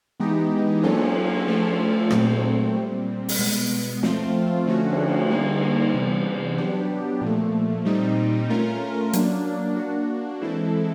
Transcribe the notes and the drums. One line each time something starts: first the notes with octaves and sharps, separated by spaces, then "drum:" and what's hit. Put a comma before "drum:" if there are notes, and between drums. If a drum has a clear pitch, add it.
E3 G#3 B3 D#4 G4
F#3 A#3 C#4 F4 A4, drum: cymbal
F3 A3 C#4 F4 A4
A#2 F#3 A3 C4, drum: rim click
A#2 G3 C4
drum: open hi-hat
B2 G#3 B3
F3 A3 C4 F4, drum: snare
D3 F3 A3 C#4 F#4
drum: cymbal
D3 G3 A#3 D#4
C3 E3 G3 B3
F#3 B3 D4 G4
A#2 F3 A3
A#2 G3 C4 D#4
A3 C#4 F4 A#4
F#3 A#3 D4, drum: hi-hat
A#3 D4 F#4
E3 G#3 C4 E4 A4